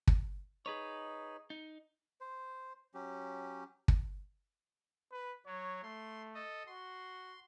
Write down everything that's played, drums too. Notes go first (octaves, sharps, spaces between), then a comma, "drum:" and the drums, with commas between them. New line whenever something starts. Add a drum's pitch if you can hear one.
drum: kick
D#4 G#4 B4 C#5
D#4
C5
F#3 C#4 G4
drum: kick
B4
F#3 C#5
A3 C6
A4 D#5
F#4 C6